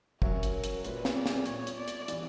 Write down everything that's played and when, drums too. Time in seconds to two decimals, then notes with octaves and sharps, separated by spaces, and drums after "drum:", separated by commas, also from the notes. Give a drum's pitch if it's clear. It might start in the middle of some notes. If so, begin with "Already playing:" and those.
0.22 F#3 C#4 F#4 A#4 C#5 E5, drum: kick
0.43 drum: hi-hat
0.64 drum: hi-hat
0.85 A#2 G3 A#3 B4, drum: hi-hat
1.05 drum: snare
1.16 D5
1.26 drum: snare
1.46 A#2 G3 B3 C#5, drum: hi-hat
1.67 drum: hi-hat
1.77 D5
1.88 drum: hi-hat
2.08 E3 G3 B3, drum: hi-hat